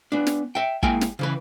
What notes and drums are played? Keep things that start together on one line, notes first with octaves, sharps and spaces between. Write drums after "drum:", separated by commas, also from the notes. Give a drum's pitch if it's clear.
B3 D4
drum: snare
E5 G5
G#3 A#3 E4 G5 G#5, drum: kick
drum: snare
C#3 E3 B4